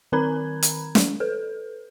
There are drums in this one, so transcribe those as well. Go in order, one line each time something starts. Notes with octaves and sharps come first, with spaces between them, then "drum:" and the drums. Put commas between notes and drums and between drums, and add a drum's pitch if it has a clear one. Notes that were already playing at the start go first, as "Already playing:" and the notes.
D#3 C4 A#4 A#5 B5 G#6
drum: hi-hat
drum: snare
A4 B4